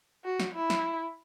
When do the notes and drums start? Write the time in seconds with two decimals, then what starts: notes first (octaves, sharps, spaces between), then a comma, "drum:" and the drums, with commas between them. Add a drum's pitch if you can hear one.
0.24 F#4
0.40 drum: snare
0.54 E4
0.70 drum: snare